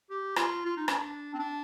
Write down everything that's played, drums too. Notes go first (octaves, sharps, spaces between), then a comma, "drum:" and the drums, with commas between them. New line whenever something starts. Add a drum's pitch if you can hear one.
G4
F4, drum: rim click
F4
D#4
D4, drum: rim click
C4
D4